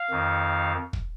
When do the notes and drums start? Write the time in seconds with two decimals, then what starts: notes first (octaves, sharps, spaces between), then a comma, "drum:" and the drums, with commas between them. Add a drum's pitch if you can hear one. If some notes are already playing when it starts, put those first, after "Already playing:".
Already playing: F5
0.10 F2 D#3
0.93 drum: kick